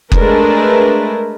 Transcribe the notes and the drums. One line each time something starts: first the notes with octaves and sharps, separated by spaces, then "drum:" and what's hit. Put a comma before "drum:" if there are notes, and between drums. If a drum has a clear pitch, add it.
G#3 A3 D4 A#4 B4, drum: kick F#1